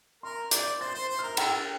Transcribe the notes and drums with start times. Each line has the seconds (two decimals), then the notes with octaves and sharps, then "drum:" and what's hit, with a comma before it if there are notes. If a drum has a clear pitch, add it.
0.23 A#4 C6
0.51 D5 G6, drum: hi-hat
0.81 C5 A6
0.94 C5
1.09 C5
1.19 A#4 F6
1.37 A4 G5, drum: cymbal